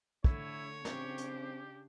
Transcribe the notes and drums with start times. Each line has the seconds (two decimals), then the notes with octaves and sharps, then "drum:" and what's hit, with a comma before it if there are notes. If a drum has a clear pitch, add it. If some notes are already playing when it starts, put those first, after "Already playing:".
0.24 D3 A3 E4 C#5, drum: kick
0.85 C#3 C4 D4 G4, drum: snare
1.18 drum: hi-hat